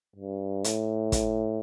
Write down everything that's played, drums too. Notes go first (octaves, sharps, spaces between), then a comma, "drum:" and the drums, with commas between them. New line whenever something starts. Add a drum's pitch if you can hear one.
G2
A2, drum: hi-hat
drum: kick, hi-hat